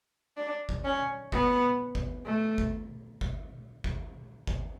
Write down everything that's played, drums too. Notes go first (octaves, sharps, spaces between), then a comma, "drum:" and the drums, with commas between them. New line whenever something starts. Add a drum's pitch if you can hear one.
D4
drum: kick G1
C#4
B3, drum: kick G1
drum: kick G1
A3
drum: kick G1
drum: kick G1
drum: kick G1
drum: kick G1